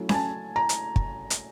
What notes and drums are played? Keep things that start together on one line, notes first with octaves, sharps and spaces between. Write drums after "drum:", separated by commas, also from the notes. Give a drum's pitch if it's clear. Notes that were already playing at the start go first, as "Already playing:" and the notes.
Already playing: F#3 A3 C#4 E4
G#5, drum: snare C#4
A5
A#5
drum: hi-hat
drum: kick
drum: hi-hat